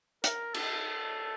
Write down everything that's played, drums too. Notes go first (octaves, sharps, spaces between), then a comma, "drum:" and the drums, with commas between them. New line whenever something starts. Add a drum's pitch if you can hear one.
A#4, drum: hi-hat
A4, drum: cymbal